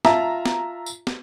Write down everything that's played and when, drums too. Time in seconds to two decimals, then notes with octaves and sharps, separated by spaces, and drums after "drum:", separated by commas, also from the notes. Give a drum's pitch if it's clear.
0.05 F4 E5 A5 A#5, drum: snare
0.46 drum: snare
0.86 drum: tambourine
1.07 drum: snare